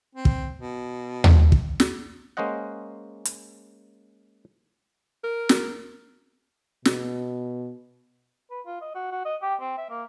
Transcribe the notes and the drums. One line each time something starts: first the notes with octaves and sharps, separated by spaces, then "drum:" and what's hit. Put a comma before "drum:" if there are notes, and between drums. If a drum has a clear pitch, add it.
C4
drum: kick
B2
drum: tom D#2
drum: kick
drum: snare
G#3 A#3 C#4 C5 D#5 F#5
drum: hi-hat
A#4
drum: snare
B2, drum: snare
B4
F4
D#5
F#4
F#4
D#5
G4
C4
E5
A#3